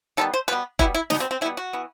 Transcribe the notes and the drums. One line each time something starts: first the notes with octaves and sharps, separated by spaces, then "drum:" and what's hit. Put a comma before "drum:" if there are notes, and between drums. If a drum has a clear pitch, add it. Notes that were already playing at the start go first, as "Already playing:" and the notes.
D#3 G3 B3 A4
C5
B2 G3 B3 B4
B2 G3 B3 E4, drum: kick F1
E4
B2 G3 B3 D#4, drum: snare
C4
C4
B2 G3 B3 E4
F#4
E3 B3